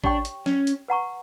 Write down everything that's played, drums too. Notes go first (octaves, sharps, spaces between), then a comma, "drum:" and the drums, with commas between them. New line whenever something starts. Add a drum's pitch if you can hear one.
D4 G4 C#5 G5 C#6, drum: kick
drum: hi-hat
C#4, drum: snare
drum: hi-hat
B4 F#5 A#5 C#6